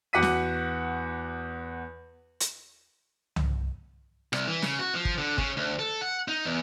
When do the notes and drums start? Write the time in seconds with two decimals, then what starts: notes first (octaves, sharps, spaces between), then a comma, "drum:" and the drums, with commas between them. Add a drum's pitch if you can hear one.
0.13 E2 F#4 F#5 D6 B6 D#7
0.23 drum: snare
2.40 drum: hi-hat
3.36 drum: tom C2
4.33 C2, drum: rim click
4.48 E3
4.62 C#3, drum: snare
4.79 F#4
4.95 F3
5.05 drum: kick
5.18 D3
5.38 C#3, drum: kick
5.57 D2
5.79 A4
6.01 F#5
6.28 D#4
6.45 E2